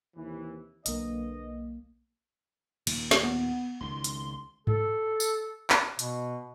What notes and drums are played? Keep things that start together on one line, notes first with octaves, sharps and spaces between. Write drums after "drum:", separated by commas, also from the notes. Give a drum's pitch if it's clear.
D#2 C3 E3
B1 D3 A#3 B4 D#5, drum: hi-hat
D#2 A#2 D#3, drum: cymbal
drum: snare
B3
C#2 D#3 C6
drum: hi-hat
A4, drum: tom G#2
drum: tambourine
drum: clap
B2, drum: hi-hat